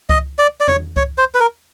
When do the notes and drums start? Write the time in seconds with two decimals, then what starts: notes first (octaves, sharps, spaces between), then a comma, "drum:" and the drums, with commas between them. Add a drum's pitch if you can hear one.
0.09 D#5, drum: kick C#2
0.38 D5
0.60 D5
0.68 C#5, drum: tom E2
0.97 C#5, drum: kick C#2
1.18 C5
1.34 B4
1.40 A#4